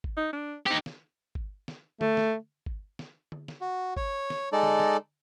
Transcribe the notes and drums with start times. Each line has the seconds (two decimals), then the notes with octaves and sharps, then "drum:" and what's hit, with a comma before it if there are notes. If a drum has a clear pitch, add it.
0.04 drum: kick
0.17 D#4
0.33 D4
0.67 C4 D#4 G4
0.86 drum: snare
1.35 drum: kick
1.68 drum: snare
2.01 A3, drum: tom D3
2.17 drum: snare
2.66 drum: kick
2.99 drum: snare
3.32 drum: tom D3
3.48 drum: snare
3.61 F#4
3.97 C#5, drum: kick
4.30 drum: snare
4.52 G#3 D#4 A4 D5
4.63 drum: tom D3
4.80 drum: snare